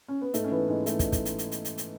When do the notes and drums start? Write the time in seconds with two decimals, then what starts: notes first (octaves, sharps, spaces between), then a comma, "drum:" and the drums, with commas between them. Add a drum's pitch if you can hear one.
0.08 C#4
0.21 B3
0.34 G#2 A3, drum: hi-hat
0.44 C#4
0.51 E3 B3
0.68 G#2 G#3
0.86 E3 A3, drum: hi-hat
0.99 drum: kick, hi-hat
1.12 drum: kick, hi-hat
1.25 drum: hi-hat
1.39 drum: hi-hat
1.52 drum: hi-hat
1.65 drum: hi-hat
1.78 drum: hi-hat